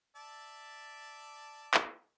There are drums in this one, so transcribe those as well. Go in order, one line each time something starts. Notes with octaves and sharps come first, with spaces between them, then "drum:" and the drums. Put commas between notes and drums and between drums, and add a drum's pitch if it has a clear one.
D5 E5 A5
drum: clap